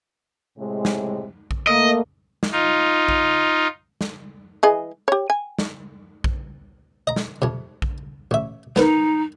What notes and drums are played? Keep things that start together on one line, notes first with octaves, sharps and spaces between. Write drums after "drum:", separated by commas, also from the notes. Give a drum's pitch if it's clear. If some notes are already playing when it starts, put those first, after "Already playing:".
A2 C3 G#3
drum: snare
drum: kick A#1
A3 A#3 D#5
drum: snare
D#4 F4
drum: kick A#1
drum: snare
E3 G#4 D#5
G4 C#5
G#5
drum: snare
drum: kick A#1
D#5 A#5
drum: snare
F2 C3
drum: kick A#1
A1 E5
B3 D#4 A#4 B4, drum: snare